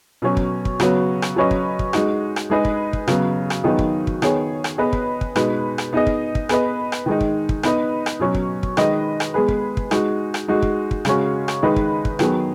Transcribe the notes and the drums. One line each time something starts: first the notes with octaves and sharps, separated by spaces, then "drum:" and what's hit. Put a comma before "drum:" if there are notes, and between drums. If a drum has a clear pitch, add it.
B2 F#3 C#4
drum: kick
drum: kick
C#3 F#3 B3 F#4 C#5, drum: rim click
drum: rim click
F#3 C#4 B4 D#5
drum: kick
drum: kick
G#3 D#4 F#4, drum: rim click
drum: rim click
G#3 D#4 G#4 B4 D#5
drum: kick
drum: kick
C#3 F#3 B3, drum: rim click
drum: rim click
D#3 F#3 B3 D#4 G#4
drum: kick
drum: kick
D#3 B3 G#4 C#5, drum: rim click
drum: rim click
B3 G#4 B4 D#5
drum: kick
drum: kick
B2 G#3 D#4 B4, drum: rim click
drum: rim click
B3 D#4 G#4 D#5
drum: kick
drum: kick
B3 G#4 B4 D#5, drum: rim click
drum: rim click
D#3 G#3 D#4
drum: kick
drum: kick
B3 D#4 B4 D#5, drum: rim click
drum: rim click
B2 F#3 C#4
drum: kick
drum: kick
D#3 G#3 D#4 B4 D#5, drum: rim click
drum: rim click
G#3 B3 G#4 B4
drum: kick
drum: kick
G#3 D#4 F#4, drum: rim click
drum: rim click
G#3 D#4 F#4
drum: kick
drum: kick
C#3 G#3 C#4 F#4, drum: rim click
drum: rim click
D#3 G#3 D#4 B4 D#5
drum: kick
drum: kick
D#3 F#3 B3 G#4, drum: rim click